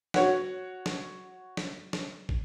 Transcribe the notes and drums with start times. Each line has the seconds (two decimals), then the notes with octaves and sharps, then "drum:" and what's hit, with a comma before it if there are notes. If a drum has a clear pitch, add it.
0.14 F#4 C#5 F#5, drum: snare
0.86 drum: snare
1.57 drum: snare
1.93 drum: snare
2.29 drum: kick